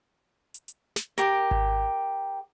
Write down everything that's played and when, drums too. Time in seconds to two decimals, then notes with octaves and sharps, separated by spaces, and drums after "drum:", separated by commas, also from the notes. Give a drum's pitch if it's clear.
0.54 drum: hi-hat
0.68 drum: hi-hat
0.96 drum: snare
1.18 G4 A#4, drum: hi-hat
1.51 drum: kick G#1